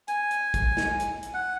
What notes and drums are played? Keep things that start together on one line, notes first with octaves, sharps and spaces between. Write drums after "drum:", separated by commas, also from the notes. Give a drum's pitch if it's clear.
G#5, drum: hi-hat
drum: hi-hat
drum: kick, hi-hat
drum: snare
drum: hi-hat
drum: hi-hat
F#5